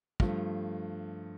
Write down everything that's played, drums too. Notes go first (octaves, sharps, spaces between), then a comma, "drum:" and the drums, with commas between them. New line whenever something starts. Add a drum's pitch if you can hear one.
G2 F3 A3, drum: kick